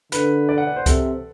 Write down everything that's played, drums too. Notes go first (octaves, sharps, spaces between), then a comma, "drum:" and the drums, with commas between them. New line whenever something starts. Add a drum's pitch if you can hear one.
D3 B4, drum: hi-hat
D5
F#5
D5
C5
C3 A4, drum: kick C2, hi-hat